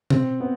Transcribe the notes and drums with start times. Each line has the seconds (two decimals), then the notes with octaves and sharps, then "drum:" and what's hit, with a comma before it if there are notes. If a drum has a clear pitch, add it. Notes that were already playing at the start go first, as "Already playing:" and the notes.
0.10 C4, drum: tom B2
0.40 B3